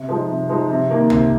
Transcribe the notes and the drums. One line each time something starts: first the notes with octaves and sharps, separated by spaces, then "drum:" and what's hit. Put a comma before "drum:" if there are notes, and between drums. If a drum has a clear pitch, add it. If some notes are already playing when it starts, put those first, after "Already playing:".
Already playing: C3
F3 G#3 D#4
C3
F3 G#3 D#4
C3
D#3 A#3
C3, drum: tom